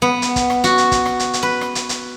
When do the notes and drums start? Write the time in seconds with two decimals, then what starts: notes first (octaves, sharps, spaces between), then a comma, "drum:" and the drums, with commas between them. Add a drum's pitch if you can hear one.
0.02 B3
0.22 drum: hi-hat
0.36 drum: kick, hi-hat
0.50 drum: rim click
0.64 F#4, drum: hi-hat
0.78 drum: hi-hat
0.92 drum: kick, hi-hat
1.06 drum: rim click
1.20 drum: hi-hat
1.33 drum: hi-hat
1.43 B4
1.61 drum: rim click
1.75 drum: hi-hat
1.89 drum: hi-hat